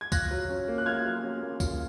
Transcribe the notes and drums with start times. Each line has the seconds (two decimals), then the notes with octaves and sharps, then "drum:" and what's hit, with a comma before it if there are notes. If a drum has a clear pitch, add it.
0.01 G#6
0.12 F4 F#6 A#6, drum: kick, tambourine
0.31 F#3
0.49 C#4
0.68 A#3
0.78 F#6
0.86 F4 F6 G#6
1.05 F#3
1.22 C#4
1.42 A#3
1.60 F4, drum: kick, tambourine